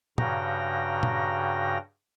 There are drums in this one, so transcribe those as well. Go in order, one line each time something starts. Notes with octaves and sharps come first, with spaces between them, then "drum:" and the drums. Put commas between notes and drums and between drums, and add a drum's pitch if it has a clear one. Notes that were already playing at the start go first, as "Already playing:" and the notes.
G2 C#3 F#4 G5 A#5 A#6, drum: tom
drum: tom A#2